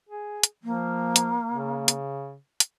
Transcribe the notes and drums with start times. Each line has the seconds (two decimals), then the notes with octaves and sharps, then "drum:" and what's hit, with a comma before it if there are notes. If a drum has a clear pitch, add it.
0.09 G#4
0.43 drum: hi-hat
0.64 F3 A#3
1.16 drum: hi-hat
1.52 C#3
1.88 drum: hi-hat
2.60 drum: hi-hat